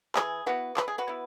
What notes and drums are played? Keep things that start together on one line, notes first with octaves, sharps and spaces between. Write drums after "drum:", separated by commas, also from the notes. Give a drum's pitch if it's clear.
E3 G#4, drum: clap
B3 E4 F#4 B4
E3 B4, drum: clap
G#4
F#4 B4
B3 E4